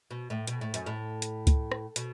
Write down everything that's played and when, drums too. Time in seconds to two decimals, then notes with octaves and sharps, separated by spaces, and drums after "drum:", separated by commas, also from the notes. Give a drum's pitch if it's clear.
0.11 B2
0.30 A2
0.47 B2, drum: hi-hat
0.61 A2
0.74 F#2, drum: hi-hat
0.86 A2
1.22 drum: hi-hat
1.47 drum: kick C#2, hi-hat
1.72 drum: rim click
1.96 B2, drum: hi-hat